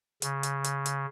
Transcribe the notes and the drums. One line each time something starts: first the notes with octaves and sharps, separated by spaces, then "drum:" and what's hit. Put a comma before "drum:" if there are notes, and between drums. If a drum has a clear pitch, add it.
C#3, drum: hi-hat
drum: hi-hat
drum: hi-hat
drum: hi-hat